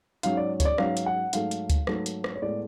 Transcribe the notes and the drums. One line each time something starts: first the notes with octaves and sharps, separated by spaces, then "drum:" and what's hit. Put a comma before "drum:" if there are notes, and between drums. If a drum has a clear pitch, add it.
G#2 F#3 C#4 F5, drum: hi-hat
D5
C#5, drum: kick D2, hi-hat
D5
G#2 F#3 C#4 F5, drum: rim click
drum: hi-hat
F#5
G#2 F#3 A3 F5, drum: hi-hat
drum: hi-hat
drum: kick D2, hi-hat
G#2 F#3 A3, drum: rim click
drum: hi-hat
drum: rim click
C#5
A2 G#3 B3 D5